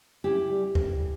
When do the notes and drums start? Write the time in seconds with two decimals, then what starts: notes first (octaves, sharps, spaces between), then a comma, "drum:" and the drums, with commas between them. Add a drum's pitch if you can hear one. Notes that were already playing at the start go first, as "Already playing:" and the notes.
0.24 C#3 E4 G4
0.50 G3
0.75 C#3, drum: kick C#2